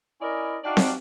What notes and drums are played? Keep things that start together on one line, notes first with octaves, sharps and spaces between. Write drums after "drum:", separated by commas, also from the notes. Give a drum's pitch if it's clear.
C#4 E4 A#4 D5 D#5
D4 D#4 F#4 D5 F5 G5
drum: snare C4